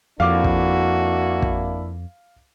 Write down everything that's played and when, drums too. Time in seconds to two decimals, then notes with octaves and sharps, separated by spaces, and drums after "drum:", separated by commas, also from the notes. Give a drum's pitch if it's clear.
0.20 F2 A#3 D4 E4 F#4 F5 D6
0.44 drum: kick
1.42 drum: kick